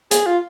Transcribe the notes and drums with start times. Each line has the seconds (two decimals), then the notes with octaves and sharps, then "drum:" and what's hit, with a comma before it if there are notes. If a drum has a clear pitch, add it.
0.11 G#4, drum: hi-hat
0.26 F4